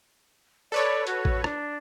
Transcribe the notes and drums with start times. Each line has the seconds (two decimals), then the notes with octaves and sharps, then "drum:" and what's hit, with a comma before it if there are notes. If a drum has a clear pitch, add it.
0.72 A4 B4 C#5 D5
1.07 F#4, drum: hi-hat
1.25 drum: kick A#1
1.44 D4, drum: rim click